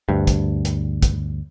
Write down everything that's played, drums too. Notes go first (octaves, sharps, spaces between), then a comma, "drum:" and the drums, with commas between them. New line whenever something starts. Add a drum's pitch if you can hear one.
D2 G2
drum: kick, hi-hat
drum: hi-hat
drum: kick, hi-hat